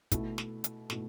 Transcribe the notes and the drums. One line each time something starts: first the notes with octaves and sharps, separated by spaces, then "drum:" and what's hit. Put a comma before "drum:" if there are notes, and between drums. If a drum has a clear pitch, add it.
B2 A3 E4, drum: kick, hi-hat
drum: snare
drum: hi-hat
B2 A3 E4, drum: snare